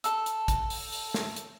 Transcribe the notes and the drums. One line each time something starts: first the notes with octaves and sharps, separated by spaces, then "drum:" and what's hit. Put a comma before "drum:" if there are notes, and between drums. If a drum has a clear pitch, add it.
A4 E6, drum: hi-hat
drum: hi-hat
drum: kick A1, hi-hat
drum: open hi-hat
drum: open hi-hat
drum: snare
drum: hi-hat